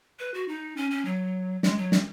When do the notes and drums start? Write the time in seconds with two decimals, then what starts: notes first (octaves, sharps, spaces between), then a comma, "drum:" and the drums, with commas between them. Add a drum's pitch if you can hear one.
0.19 B4
0.34 F#4
0.48 D#4
0.77 C#4
0.91 C#4
1.05 F#3
1.63 G#3, drum: snare
1.78 F#3
1.92 drum: snare